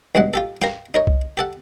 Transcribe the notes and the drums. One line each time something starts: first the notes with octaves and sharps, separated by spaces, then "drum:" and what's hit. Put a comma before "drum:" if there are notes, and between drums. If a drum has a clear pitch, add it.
B1 E2 G2 G#3 F#5
F4 G4 A4
A#4 F5 G5, drum: snare
D#4 A#4 C#5
drum: kick C2
G4 A4 F#5